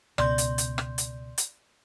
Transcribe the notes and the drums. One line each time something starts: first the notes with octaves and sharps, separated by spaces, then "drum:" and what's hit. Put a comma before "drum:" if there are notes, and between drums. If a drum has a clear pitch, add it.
C#2 B2 D5 C6 G6, drum: rim click
drum: hi-hat
drum: hi-hat
drum: rim click
drum: hi-hat
drum: hi-hat